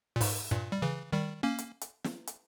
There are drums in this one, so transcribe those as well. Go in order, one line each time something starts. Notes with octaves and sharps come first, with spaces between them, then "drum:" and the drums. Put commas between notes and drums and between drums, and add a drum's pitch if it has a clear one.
A#2
G#2, drum: open hi-hat
G2 A#2
G3
C#3 E3
D#3 G3
A#3 C#4
drum: hi-hat
drum: hi-hat
drum: snare
drum: hi-hat